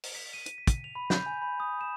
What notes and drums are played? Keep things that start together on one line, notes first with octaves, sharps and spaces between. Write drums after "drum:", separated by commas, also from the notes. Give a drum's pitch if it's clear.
drum: open hi-hat
B6
D#7
D#7, drum: hi-hat
B6
drum: kick, hi-hat
F7
B5
G6, drum: snare
G#5
B5
D#6
E7